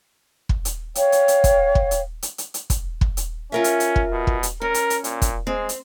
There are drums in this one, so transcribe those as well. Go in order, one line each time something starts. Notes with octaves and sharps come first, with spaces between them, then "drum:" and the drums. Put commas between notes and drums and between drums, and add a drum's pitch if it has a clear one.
drum: kick
drum: hi-hat
C#5 F5 G5, drum: hi-hat
drum: hi-hat
drum: hi-hat
drum: kick, hi-hat
drum: kick
drum: hi-hat
drum: hi-hat
drum: hi-hat
drum: hi-hat
drum: kick, hi-hat
drum: kick
drum: hi-hat
C#4 F4 A#4 E5
drum: hi-hat
drum: hi-hat
drum: kick
B2
drum: kick
drum: hi-hat
C#4 A#4
drum: hi-hat
drum: hi-hat
A#2, drum: hi-hat
drum: kick, hi-hat
G#3 C4
drum: hi-hat